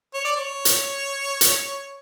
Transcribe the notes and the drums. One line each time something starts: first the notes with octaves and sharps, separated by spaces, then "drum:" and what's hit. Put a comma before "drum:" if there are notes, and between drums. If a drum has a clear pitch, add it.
C#5
D5
C#5
drum: hi-hat
drum: hi-hat